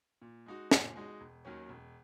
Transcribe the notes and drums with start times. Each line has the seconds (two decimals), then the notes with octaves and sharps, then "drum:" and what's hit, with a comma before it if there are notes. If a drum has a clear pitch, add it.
0.22 A#2
0.46 G#3 D#4 F#4
0.71 A#2, drum: snare
0.96 G#3 D#4 F#4
1.20 E1
1.45 D#2 D#3 F#3 C#4
1.69 E1